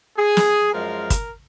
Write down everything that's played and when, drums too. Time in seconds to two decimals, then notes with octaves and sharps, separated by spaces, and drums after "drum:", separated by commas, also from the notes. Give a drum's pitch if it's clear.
0.18 G#4
0.37 drum: snare
0.73 F#2 F3 G#3 A#4
1.10 drum: kick, hi-hat